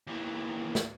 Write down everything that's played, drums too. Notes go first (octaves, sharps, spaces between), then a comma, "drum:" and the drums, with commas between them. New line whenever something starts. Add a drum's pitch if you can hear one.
D#2 E3
drum: snare